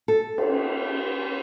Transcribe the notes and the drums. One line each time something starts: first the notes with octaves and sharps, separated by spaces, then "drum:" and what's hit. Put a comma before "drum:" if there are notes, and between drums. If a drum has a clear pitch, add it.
A4
drum: cymbal